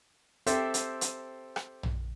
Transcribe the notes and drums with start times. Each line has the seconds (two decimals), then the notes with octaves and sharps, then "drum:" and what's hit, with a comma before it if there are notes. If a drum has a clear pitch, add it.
0.47 C4 G4 A4 C5 E5, drum: hi-hat
0.74 drum: hi-hat
1.01 drum: hi-hat
1.56 drum: rim click
1.83 drum: tom A#1